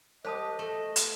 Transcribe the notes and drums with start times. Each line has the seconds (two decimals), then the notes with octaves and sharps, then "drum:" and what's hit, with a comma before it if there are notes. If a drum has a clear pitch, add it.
0.25 G4 C5 D#5 A5 D#6
0.59 A3
0.96 drum: hi-hat